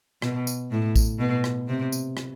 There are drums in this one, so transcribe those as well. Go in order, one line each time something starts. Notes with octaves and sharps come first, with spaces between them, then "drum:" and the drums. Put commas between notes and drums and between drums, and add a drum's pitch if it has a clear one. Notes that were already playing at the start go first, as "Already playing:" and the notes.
B2, drum: rim click
drum: tambourine
A2
drum: kick A1, tambourine
B2
drum: rim click
C3
drum: tambourine
drum: rim click